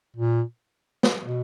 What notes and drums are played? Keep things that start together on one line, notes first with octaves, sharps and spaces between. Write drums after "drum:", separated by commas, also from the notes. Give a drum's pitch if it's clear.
A#2
drum: snare
B2